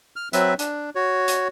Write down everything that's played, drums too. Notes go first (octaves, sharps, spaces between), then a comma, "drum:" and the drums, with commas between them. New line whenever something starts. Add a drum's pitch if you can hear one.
F6
F#3 C4 B4 E5, drum: hi-hat
D4, drum: hi-hat
F#4 C#5
drum: hi-hat